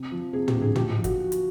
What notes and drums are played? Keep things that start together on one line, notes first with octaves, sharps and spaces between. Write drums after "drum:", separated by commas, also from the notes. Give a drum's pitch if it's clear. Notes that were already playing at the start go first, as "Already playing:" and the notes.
Already playing: C3
F3
C3 G#4
G4, drum: tom
D2
G#4
F3 G4, drum: tom
F3
F#4, drum: kick G1, hi-hat
drum: hi-hat